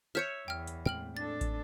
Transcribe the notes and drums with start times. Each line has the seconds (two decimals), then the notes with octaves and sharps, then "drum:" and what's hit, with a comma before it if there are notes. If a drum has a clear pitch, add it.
0.15 C#5 E5 F6 G6 C#7
0.48 E2 G5 F6
0.67 drum: hi-hat
0.86 A2 G#3 C4 G5 F6 F#7
1.17 D4 A4 A6
1.41 drum: kick, hi-hat